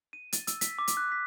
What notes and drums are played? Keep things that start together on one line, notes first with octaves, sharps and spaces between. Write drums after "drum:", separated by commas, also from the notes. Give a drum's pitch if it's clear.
D#7
A6, drum: hi-hat
E6, drum: hi-hat
B6, drum: hi-hat
D6
drum: hi-hat
F#6
B6